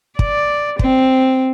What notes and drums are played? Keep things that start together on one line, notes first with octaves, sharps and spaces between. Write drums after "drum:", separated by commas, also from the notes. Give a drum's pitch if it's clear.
D5, drum: kick
C4, drum: kick